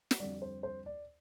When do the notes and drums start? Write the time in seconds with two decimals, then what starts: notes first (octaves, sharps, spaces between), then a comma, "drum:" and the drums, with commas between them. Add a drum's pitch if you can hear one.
0.11 drum: snare
0.20 F2 D3 G3 D5
0.42 C5
0.63 C5
0.86 D5